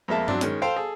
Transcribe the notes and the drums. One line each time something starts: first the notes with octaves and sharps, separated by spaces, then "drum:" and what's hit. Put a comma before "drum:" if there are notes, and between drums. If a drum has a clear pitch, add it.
F2 G#3 A#3 E5 A5
F#3 C4 D4, drum: tom G2
D#3 G#3 C#4, drum: hi-hat
A4 C5 F5 G5
G#4 A4